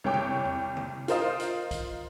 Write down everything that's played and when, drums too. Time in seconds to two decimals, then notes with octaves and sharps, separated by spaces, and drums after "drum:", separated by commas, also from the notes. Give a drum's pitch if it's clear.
0.04 C2 C#5 G5 D6
0.14 drum: tom C3
0.45 drum: tom E2
0.77 drum: tom C3
1.08 F4 A#4 C5 D#5 F5, drum: hi-hat
1.40 drum: hi-hat
1.71 drum: kick B1, hi-hat